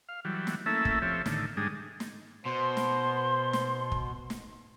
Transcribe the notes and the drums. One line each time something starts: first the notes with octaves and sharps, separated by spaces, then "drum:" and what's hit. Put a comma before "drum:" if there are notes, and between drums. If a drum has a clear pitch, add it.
F5
E3 F#3 G3
drum: snare
A3 A#3 C#4 E4 A4 E5
drum: kick
F3 C4 G4 A4 C#5 E5
A2 D3 D#3, drum: snare
G#2 G3 G#3 D4 D#6
drum: snare
B2 C5 C6
drum: snare
drum: snare
drum: kick
drum: snare